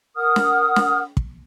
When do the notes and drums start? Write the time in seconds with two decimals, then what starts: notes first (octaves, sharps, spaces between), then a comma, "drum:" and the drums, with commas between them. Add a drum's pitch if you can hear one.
0.16 A#4 F#5 D#6 F6
0.36 drum: snare
0.76 drum: snare
1.17 drum: kick